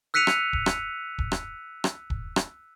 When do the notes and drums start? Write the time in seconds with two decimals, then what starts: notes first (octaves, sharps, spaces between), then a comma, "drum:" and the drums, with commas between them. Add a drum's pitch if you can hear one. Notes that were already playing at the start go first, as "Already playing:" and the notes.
0.14 E6 F#6 B6 C#7 D#7 F7
0.27 drum: rim click
0.53 drum: kick
0.66 drum: rim click
1.18 drum: kick
1.32 drum: rim click
1.84 drum: rim click
2.10 drum: kick
2.36 drum: rim click